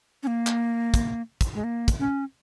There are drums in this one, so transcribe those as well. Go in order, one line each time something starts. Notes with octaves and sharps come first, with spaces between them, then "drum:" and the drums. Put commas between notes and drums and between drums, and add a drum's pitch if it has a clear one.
C#4
A#3
drum: clap
drum: kick, hi-hat
drum: kick, hi-hat
G#3
A#3
drum: kick, hi-hat
C#4